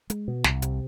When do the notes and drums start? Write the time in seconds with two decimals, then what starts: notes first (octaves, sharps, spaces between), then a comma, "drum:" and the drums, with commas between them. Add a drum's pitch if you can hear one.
0.10 G#3, drum: hi-hat
0.28 B2
0.44 C2, drum: snare
0.62 C3, drum: hi-hat